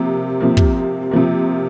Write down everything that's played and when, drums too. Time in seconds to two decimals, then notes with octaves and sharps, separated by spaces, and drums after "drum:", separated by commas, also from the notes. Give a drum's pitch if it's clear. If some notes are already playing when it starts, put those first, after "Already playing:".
Already playing: C3 F3 A#3
0.41 C3 F3 A#3
0.57 drum: kick
1.11 C3 F3 A#3